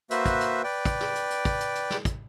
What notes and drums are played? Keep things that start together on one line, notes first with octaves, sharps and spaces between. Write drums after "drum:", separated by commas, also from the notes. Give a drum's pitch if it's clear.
A#3 F#4 B4 C5 E5, drum: hi-hat
drum: kick, hi-hat
drum: hi-hat
B4 D5 G5
drum: kick, hi-hat
drum: snare
drum: hi-hat
drum: hi-hat
drum: kick, hi-hat
drum: hi-hat
drum: hi-hat
drum: snare
drum: kick, hi-hat